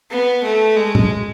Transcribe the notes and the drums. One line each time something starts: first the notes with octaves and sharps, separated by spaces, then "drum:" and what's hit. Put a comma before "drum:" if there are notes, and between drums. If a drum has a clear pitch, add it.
B3
A3
G#3
drum: tom A2